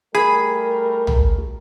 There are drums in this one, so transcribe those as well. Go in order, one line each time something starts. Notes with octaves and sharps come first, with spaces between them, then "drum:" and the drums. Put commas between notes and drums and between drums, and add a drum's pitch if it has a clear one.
G3 A3 G#4 A#4 B5
drum: tom